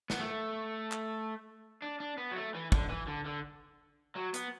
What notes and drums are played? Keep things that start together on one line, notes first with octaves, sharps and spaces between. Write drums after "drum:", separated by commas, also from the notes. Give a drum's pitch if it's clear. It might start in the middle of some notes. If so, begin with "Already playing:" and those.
B3, drum: snare
A3
drum: clap
D4
D4
B3
F#3
A3
E3
D3, drum: kick
E3
D3
D3
F#3
B3, drum: hi-hat